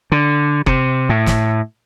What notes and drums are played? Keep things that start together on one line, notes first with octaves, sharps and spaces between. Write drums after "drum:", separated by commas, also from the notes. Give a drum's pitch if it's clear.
D3
C3, drum: kick F#1
A2
drum: snare